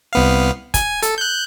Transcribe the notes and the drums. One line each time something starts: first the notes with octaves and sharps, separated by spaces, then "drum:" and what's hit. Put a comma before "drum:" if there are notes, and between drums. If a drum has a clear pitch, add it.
C2 B3 F5
G#5, drum: kick, hi-hat
A4, drum: hi-hat
F#6 G6